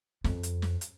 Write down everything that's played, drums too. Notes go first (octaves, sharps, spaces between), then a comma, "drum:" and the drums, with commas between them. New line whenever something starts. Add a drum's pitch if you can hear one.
F2, drum: snare
drum: hi-hat
drum: snare
drum: hi-hat